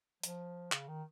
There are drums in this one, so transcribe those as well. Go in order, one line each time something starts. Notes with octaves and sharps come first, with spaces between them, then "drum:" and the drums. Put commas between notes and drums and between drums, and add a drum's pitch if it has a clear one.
F3, drum: hi-hat
C#3, drum: clap
D#3